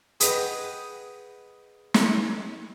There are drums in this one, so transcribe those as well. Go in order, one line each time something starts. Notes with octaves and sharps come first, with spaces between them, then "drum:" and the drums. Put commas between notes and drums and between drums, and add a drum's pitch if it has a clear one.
G#4 B4 D#5 F#5 G5, drum: hi-hat
drum: snare